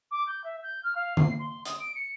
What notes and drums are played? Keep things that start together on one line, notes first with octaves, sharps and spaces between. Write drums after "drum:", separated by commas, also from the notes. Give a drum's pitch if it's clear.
D6
G6
E5
G6
F6
F5
C7, drum: tom D3
C6
D#6, drum: hi-hat
D7
C#7